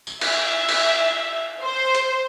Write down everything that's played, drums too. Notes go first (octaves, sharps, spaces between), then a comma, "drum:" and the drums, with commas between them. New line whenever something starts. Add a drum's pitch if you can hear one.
drum: tambourine
E5, drum: cymbal
drum: cymbal
C5
drum: hi-hat